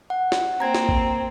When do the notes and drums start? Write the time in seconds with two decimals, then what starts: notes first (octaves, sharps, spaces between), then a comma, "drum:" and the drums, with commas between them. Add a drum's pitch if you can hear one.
0.10 F#5
0.32 drum: snare
0.60 A#3 C4 A#5 G#6
0.75 drum: snare
0.89 drum: kick